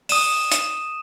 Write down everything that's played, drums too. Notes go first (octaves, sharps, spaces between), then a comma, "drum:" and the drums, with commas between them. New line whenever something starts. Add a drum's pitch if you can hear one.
D#6 D#7 E7, drum: open hi-hat
drum: hi-hat